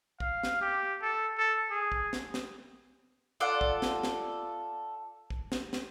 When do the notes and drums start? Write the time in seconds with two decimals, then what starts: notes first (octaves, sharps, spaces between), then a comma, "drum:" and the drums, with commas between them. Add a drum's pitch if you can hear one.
0.20 F5, drum: kick
0.43 drum: snare
0.61 G4
1.02 A4
1.38 A4
1.70 G#4
1.92 drum: kick
2.13 drum: snare
2.34 drum: snare
3.40 F4 A4 D5 F#5
3.61 drum: kick
3.82 drum: snare
4.03 drum: snare
5.30 drum: kick
5.52 drum: snare
5.73 drum: snare